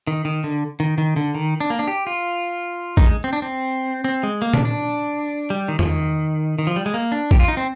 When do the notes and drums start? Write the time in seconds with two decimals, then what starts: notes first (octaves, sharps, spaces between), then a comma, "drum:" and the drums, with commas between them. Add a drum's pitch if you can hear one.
0.07 D#3
0.25 D#3
0.44 D3
0.80 D#3
0.98 D#3
1.16 D3
1.35 D#3
1.60 D4
1.70 A#3
1.79 D4
1.88 G4
2.07 F4
2.97 D#4, drum: kick A1
3.06 G#3
3.24 C4
3.33 D4
3.42 C4
4.04 C4
4.23 G#3
4.42 A#3
4.54 D4, drum: tom A#2
4.65 D4
5.50 G3
5.68 D#3
5.79 F3, drum: tom E2
5.86 D#3
6.59 D#3
6.67 F3
6.76 G3
6.86 G#3
6.94 A#3
7.12 D4
7.31 G4, drum: kick A1
7.39 F4
7.48 D#4
7.57 C4